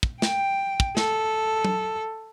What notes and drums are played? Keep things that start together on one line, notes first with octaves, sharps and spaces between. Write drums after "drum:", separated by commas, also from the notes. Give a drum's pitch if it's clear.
drum: kick
G5, drum: snare
drum: kick
A4, drum: snare
drum: tom F#3